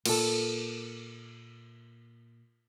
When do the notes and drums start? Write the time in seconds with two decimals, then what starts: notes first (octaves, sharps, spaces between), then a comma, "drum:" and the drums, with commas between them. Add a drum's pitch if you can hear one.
0.05 A#2 A4, drum: cymbal